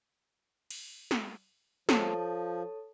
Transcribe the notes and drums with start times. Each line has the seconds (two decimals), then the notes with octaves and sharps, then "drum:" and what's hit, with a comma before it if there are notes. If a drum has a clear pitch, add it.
0.71 drum: cymbal
1.11 drum: snare
1.89 F3 A4 C#5 A5, drum: snare